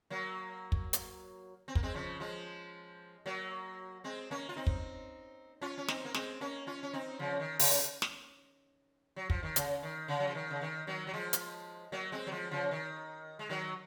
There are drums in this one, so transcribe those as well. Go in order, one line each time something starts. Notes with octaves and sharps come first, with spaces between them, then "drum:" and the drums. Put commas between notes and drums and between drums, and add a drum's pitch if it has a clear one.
F#3 A#3
drum: kick
drum: hi-hat
C4
A#3, drum: kick
G#3 C4
C#3 F3
F3 G#3
F#3 A#3
G#3 C4
A#3 C#4
F4
C4 D#4
drum: kick
C#4 F4
C#4
C4 D#4, drum: snare
A#3
G#3 C4, drum: snare
A#3 C#4
C#4 F4
C#4
C4 D#4
C#3 F3
D#3
C#3, drum: open hi-hat
drum: snare
F#3
F3, drum: kick
D#3
C#3, drum: hi-hat
D#3
C#3
F#3
F3
D#3
C#3
D#3
D#3 F#3
F#3
F3 G#3
drum: hi-hat
F#3 A#3
G#3 C4
F#3
F3 G#3
C#3 F3
D#3
G#3
D#3 F#3